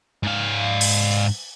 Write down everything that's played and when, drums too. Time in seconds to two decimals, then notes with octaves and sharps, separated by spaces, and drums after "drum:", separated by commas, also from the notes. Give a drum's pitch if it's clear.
0.23 G#2 F5
0.81 drum: open hi-hat